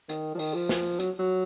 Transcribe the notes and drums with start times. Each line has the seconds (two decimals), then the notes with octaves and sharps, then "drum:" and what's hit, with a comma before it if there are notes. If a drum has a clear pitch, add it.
0.09 D#3, drum: hi-hat
0.35 F3
0.39 D#3, drum: open hi-hat
0.55 F3
0.69 drum: snare
1.00 F#3, drum: hi-hat
1.19 F#3